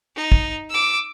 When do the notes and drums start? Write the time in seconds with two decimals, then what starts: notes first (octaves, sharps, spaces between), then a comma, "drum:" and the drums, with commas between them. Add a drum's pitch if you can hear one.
0.16 D#4
0.32 drum: kick
0.70 D6 E6